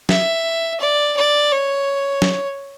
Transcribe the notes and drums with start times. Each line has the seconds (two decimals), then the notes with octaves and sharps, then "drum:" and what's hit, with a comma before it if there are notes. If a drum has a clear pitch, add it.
0.09 E5, drum: snare
0.80 D5
1.16 D5
1.51 C#5
2.22 drum: snare